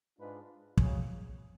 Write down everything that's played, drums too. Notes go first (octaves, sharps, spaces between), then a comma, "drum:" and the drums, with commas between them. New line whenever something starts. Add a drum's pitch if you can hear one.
G#2 G#3 D4 F4 B4
F2 C#3 F#3 C#4 G#4, drum: kick